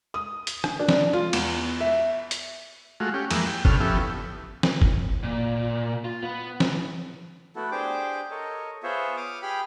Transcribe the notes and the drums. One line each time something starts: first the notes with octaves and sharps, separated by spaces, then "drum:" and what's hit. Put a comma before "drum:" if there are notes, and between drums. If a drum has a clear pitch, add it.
D#6
drum: hi-hat
drum: rim click
D4
drum: snare F3
F4
E2, drum: cymbal
E5
drum: hi-hat
G#3 A3 F4 F#4
C#4 G4
F2 E3 G#3 A#3, drum: cymbal
G5
D2 B2 C#4 A4 F6, drum: kick
F3 B3 C#4 E4 G4 A4
drum: snare F3
drum: kick
A#2
F4
B3
drum: snare F3
A3 B3 E4 F#4 A4
D4 G4 G#4 C5 G5 D6
A4 A#4 C#5 D#5
B3 F4 G#4 C5 C#5 E5
D6 D#6 F6
G4 G#4 G5 B5 F6